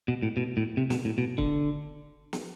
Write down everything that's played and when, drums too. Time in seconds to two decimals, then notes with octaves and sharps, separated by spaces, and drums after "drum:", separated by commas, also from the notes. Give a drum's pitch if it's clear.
0.08 B2
0.23 A2
0.37 B2
0.57 A2
0.77 C3
0.90 B2, drum: snare
1.05 A2
1.18 B2
1.38 D3, drum: kick
2.33 drum: snare